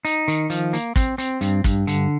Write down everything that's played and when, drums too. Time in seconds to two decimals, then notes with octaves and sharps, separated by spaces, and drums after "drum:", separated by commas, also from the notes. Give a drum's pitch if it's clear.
0.05 D#4, drum: hi-hat
0.28 D#3, drum: hi-hat
0.50 F3, drum: hi-hat
0.73 A#3, drum: hi-hat
0.96 C4, drum: kick, hi-hat
1.18 C4, drum: hi-hat
1.41 G2, drum: hi-hat
1.64 G2, drum: kick, hi-hat
1.87 D3, drum: hi-hat